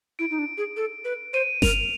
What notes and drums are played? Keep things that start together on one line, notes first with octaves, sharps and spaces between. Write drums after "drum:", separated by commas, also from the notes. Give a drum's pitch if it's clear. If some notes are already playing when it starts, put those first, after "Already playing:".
E4 D7
D#4
D4
G#4
A4
B4
C5 D#7
A#4 F7, drum: snare G1